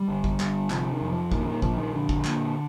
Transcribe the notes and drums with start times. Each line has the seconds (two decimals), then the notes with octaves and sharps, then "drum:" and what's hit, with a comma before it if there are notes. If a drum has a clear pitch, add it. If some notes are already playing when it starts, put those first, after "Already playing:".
Already playing: G3
0.09 G1
0.24 drum: kick
0.40 G1, drum: clap
0.70 C3 F3, drum: clap
0.91 D#3
1.01 F2
1.12 F3
1.32 A#2 D#3, drum: kick
1.47 D#3
1.62 A#1 F3, drum: kick
1.78 D#3
1.93 A#1 D3
2.09 drum: kick
2.25 A#2, drum: clap